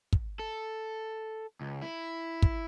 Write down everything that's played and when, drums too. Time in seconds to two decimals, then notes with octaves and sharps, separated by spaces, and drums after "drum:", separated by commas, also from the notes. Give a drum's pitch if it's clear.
0.13 drum: kick
0.39 A4
1.61 C#2
1.82 E4
2.42 drum: kick